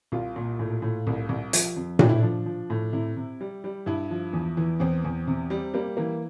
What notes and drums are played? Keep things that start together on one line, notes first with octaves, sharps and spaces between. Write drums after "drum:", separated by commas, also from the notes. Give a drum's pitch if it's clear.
C2 F4
A#2
A2
A2
C2
C2
F3, drum: hi-hat
F2
A2 D4, drum: tom A#2
E4
F3 D4
F3
A2
C3 E4
C3
G3
G3
G2 E4
F3
E2
E3
E2 C4
E2
C3
G3
G3 A#3
E3 A#3